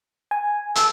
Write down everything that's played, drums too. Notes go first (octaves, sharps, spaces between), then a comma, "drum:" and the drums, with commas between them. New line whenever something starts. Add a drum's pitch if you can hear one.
G#5
A4, drum: hi-hat